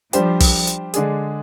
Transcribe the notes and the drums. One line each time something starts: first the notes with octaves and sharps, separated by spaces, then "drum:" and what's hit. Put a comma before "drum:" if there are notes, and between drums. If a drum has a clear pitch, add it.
F3 G3 D4 G4 C5, drum: hi-hat
drum: kick, open hi-hat
drum: hi-hat
D3 G#3 D4 G#4, drum: hi-hat